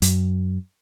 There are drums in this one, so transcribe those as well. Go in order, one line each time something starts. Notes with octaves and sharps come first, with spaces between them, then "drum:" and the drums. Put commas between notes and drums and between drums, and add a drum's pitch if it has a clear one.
F#2, drum: hi-hat